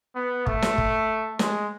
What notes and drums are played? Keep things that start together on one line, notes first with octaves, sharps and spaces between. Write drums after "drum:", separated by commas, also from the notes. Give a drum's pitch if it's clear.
B3
A3, drum: kick
drum: snare
drum: kick
G#3, drum: snare